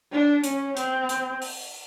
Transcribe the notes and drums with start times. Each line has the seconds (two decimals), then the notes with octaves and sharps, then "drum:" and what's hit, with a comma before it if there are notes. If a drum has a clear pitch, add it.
0.12 D4
0.44 C#4, drum: hi-hat
0.77 C4, drum: hi-hat
1.09 drum: hi-hat
1.42 drum: open hi-hat